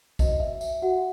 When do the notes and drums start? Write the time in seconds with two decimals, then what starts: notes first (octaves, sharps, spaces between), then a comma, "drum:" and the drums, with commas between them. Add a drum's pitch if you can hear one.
0.19 F#4 C5 D#5, drum: kick, tambourine
0.40 E5
0.61 E5, drum: tambourine
0.82 F#4 F#5